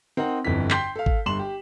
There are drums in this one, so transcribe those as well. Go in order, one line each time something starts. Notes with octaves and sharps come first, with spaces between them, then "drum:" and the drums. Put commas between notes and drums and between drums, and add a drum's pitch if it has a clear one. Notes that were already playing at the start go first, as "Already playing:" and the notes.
C4 D#4 A#4 F#5
G1 F2 D3 E3 B6
G5 C6 G6 B6 C7, drum: clap
A4 F5
drum: kick G#1
G1 G2 C6 E7 F#7
G4